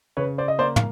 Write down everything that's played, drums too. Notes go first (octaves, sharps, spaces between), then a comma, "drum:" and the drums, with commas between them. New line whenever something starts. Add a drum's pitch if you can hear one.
C#3 B4 C#5
C5 D5
D#5
A#3 C5 D5
F5, drum: tom